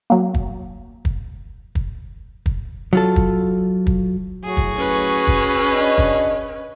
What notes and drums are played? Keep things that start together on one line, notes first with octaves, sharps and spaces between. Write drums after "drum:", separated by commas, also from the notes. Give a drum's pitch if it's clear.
F#3 A#3
drum: kick
drum: kick
drum: kick
drum: kick
F#3 F4 A4
drum: kick
drum: kick
A2 F#3 F#4 G#4
drum: kick
C#4 B4
drum: kick
D4 C#5 D#5
drum: kick